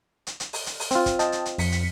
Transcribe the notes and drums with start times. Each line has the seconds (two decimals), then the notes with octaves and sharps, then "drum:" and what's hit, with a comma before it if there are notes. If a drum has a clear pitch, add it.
0.27 drum: hi-hat
0.40 drum: hi-hat
0.53 drum: open hi-hat
0.66 drum: hi-hat
0.79 drum: open hi-hat
0.91 C4 F4, drum: hi-hat
1.06 drum: kick, hi-hat
1.19 D#5 G5 A5, drum: hi-hat
1.32 drum: hi-hat
1.46 drum: hi-hat
1.58 F2 B6 C#7, drum: open hi-hat
1.72 drum: hi-hat